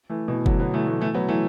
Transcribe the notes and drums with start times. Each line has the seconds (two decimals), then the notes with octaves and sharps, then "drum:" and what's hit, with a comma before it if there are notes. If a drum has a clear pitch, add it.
0.10 E3 A3
0.28 B2 E3
0.46 D3 F#3, drum: kick F#1
0.60 F#3 B3
0.74 E3 A3
0.87 E3 A3
1.01 E3 A3
1.15 F#3 B3
1.29 E3 A3